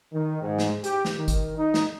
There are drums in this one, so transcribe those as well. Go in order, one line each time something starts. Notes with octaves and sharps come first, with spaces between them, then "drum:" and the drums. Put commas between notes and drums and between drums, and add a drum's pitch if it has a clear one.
D#3
G#2
drum: snare
G4, drum: hi-hat
drum: snare
D#3
drum: kick, hi-hat
D#4
drum: snare